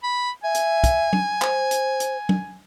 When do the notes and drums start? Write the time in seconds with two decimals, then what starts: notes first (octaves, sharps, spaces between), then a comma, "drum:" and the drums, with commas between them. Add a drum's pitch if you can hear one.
0.03 B5
0.44 E5 G#5
0.55 drum: hi-hat
0.84 drum: kick, hi-hat
1.13 drum: tom F#3
1.42 C5, drum: clap
1.71 drum: hi-hat
2.00 drum: hi-hat
2.29 drum: tom F#3